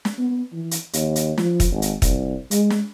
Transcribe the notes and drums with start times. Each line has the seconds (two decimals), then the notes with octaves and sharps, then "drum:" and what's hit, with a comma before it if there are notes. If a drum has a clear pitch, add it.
0.05 drum: snare
0.19 B3
0.53 E3
0.71 drum: hi-hat
0.93 D#2, drum: hi-hat
1.16 drum: hi-hat
1.38 F3, drum: snare
1.60 drum: kick, hi-hat
1.71 G#1
1.82 drum: hi-hat
2.02 C2, drum: kick, hi-hat
2.51 G#3, drum: hi-hat
2.70 drum: snare